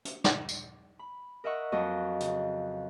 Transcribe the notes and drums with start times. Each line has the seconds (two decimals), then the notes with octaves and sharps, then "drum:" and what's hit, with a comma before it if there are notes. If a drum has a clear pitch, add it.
0.05 drum: hi-hat
0.24 drum: snare
0.49 drum: tambourine
0.99 B5
1.44 A#4 D#5 E5 F#5 C#6
1.72 F2 F#3 F#4 D#5
2.20 C#3, drum: hi-hat